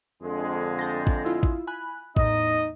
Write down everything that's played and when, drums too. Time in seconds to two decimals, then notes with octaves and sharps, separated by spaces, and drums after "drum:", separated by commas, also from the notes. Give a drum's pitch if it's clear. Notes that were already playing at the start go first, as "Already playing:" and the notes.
0.22 F2 D3 G#3
0.79 G6 A6 A#6
1.07 drum: kick
1.25 E4 F4 E6
1.43 drum: kick
1.67 G#5 B5 F#6
2.17 E2 A2 D#4 D#5, drum: kick